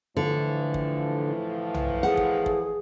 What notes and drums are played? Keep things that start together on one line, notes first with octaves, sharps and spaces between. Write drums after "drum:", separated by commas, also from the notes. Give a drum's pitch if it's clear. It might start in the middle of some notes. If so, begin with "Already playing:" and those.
A2 D3 E3 F3
drum: kick
drum: tom
G#4 F#5
drum: kick
drum: kick